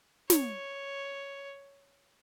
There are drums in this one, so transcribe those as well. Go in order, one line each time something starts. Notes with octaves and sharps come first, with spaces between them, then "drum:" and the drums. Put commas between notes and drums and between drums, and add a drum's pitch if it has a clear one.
C#5, drum: snare